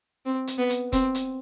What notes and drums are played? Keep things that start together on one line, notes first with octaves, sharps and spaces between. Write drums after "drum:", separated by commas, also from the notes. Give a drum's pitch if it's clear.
C4
drum: hi-hat
B3
drum: hi-hat
C4, drum: kick F1, hi-hat
drum: hi-hat